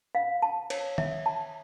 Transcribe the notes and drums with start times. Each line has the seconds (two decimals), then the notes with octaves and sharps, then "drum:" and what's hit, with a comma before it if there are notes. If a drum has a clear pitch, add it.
0.15 F5
0.42 A5
0.70 C#5, drum: cymbal
0.98 E5, drum: tom
1.26 A5